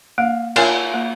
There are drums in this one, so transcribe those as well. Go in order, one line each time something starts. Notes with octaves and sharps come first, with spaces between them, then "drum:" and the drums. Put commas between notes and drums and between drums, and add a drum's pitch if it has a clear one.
A#3 F5
F4 A#4 C#5 G#5, drum: cymbal
A#3